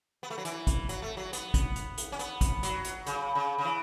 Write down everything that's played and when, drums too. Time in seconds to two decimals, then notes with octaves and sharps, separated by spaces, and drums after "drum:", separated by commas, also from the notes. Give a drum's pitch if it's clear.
0.23 B3
0.30 A3
0.38 F#3
0.45 E3, drum: hi-hat
0.67 drum: kick, hi-hat
0.89 F#3, drum: hi-hat
1.02 A3
1.17 F#3
1.33 B3, drum: hi-hat
1.54 drum: kick, hi-hat
1.76 drum: hi-hat
1.97 drum: hi-hat
2.12 C#4
2.19 B3, drum: hi-hat
2.41 drum: kick, hi-hat
2.63 F#3, drum: hi-hat
2.84 drum: hi-hat
3.06 C#3, drum: hi-hat
3.35 C#3
3.58 C#3
3.65 E3